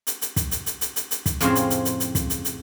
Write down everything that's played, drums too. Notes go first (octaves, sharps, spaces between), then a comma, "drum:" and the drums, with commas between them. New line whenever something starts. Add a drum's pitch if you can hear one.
drum: hi-hat
drum: hi-hat
drum: kick, hi-hat
drum: hi-hat
drum: hi-hat
drum: hi-hat
drum: hi-hat
drum: hi-hat
drum: kick, hi-hat
F2 A2 C#3 G#3 C4 F4, drum: hi-hat
drum: hi-hat
drum: hi-hat
drum: hi-hat
drum: hi-hat
drum: kick, hi-hat
drum: hi-hat
drum: hi-hat